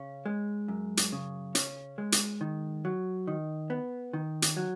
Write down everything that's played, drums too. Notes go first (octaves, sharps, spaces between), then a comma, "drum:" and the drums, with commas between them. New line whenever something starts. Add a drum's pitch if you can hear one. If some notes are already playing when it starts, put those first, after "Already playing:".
Already playing: C#3 C#4
G#3
F#2
drum: hi-hat
C#3
C#4, drum: hi-hat
G#3
drum: hi-hat
D#3
F#3
D#3
B3
D#3
drum: hi-hat
F#3